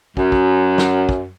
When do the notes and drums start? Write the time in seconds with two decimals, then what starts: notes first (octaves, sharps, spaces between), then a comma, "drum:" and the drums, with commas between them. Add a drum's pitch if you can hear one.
0.17 F#2, drum: kick
0.32 drum: kick
0.78 drum: snare
1.09 drum: kick